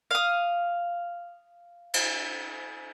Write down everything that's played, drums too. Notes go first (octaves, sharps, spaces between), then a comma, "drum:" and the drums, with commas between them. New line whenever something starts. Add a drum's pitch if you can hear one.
F5 D#6
drum: cymbal